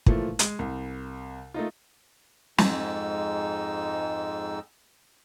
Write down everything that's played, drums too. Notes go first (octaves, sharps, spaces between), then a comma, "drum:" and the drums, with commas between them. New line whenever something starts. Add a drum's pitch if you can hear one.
A#2 E3 F3 A3, drum: kick
G#3, drum: hi-hat
C2
A3 A#3 D#4 F4
F2 G#2 G#3 D#4 E6, drum: snare